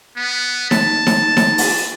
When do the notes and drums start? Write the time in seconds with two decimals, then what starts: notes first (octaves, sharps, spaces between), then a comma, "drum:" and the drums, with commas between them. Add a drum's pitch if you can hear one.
0.17 B3
0.71 A5, drum: snare D#4
1.07 drum: snare D#4
1.37 drum: snare D#4
1.58 drum: open hi-hat